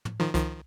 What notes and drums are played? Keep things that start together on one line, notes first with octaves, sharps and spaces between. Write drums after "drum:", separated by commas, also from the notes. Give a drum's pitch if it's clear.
drum: tom
D#3 F3
D#3 F3, drum: kick C2, hi-hat